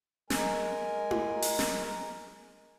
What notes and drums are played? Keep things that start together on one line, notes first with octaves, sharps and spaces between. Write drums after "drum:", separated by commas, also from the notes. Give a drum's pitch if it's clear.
G#3 A#4 G#5, drum: snare
drum: tom E4
drum: open hi-hat
drum: snare